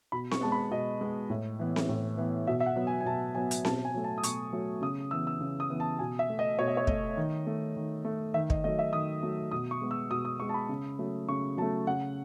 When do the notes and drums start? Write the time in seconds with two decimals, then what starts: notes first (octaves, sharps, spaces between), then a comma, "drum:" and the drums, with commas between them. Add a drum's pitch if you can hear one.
0.12 B2 B5
0.31 C#6, drum: snare C4
0.41 G#3 B3 A5
0.52 B5
0.71 B2 D#5
1.01 G#3 B3
1.30 A2
1.59 E3 B3
1.76 drum: snare C4
1.89 A2
2.17 E3 B3
2.47 B2 E5
2.60 E5
2.66 F#5
2.76 F#3 B3
2.87 G#5
3.01 G#5
3.06 B2 A5
3.35 F#3 B3 G#5
3.51 drum: hi-hat
3.65 B2 A5, drum: snare C4
3.85 G#5
3.94 F#3 A3
4.04 A5
4.18 D#6
4.23 B2 C#6, drum: hi-hat
4.53 F#3 A3
4.82 C#3 D#6
5.11 E3 B3 E6
5.27 E6
5.41 C#3
5.60 D#6
5.70 E3 B3
5.80 A5
5.99 B2 G#5
6.19 E5
6.30 A3
6.39 D#5
6.59 B2 C#5
6.68 D#5
6.77 C#5
6.87 A3 D#5, drum: kick
7.17 D#3
7.47 A3
7.76 D#3
8.05 A3
8.34 D#3 E5
8.50 D#5, drum: kick
8.64 F#3 A3 D#5
8.79 E5
8.93 D#3 D#6
9.23 F#3 A3
9.51 B2 D#6
9.71 C#6
9.82 G#3 B3
9.91 E6
10.11 B2 D#6
10.25 D#6
10.40 G#3 B3 C#6
10.49 A5
10.54 B5
10.69 C#3
10.99 F#3 A3
11.29 C#3 C#6
11.57 F#3 A3 A5
11.87 C#3 F#5